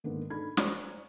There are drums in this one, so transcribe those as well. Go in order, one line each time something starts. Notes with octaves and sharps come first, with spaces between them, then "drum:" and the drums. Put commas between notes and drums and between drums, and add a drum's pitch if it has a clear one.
G#2 D3 D#3 G#3 A#3 B3
D4 D#4 A4 B5 G#6
C5 D5 G#5 A#5 C#6, drum: snare